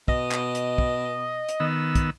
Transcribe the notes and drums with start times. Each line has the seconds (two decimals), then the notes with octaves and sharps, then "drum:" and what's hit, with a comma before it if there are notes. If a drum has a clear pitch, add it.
0.08 B2 D#5, drum: kick
0.32 drum: clap
0.55 drum: hi-hat
0.78 drum: kick
1.49 drum: hi-hat
1.60 D#3 B3 E6
1.95 drum: kick, hi-hat